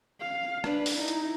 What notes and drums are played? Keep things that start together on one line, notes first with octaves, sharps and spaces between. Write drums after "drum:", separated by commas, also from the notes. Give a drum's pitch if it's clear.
F5
D4 B4, drum: rim click
drum: open hi-hat
D#4 E4
drum: hi-hat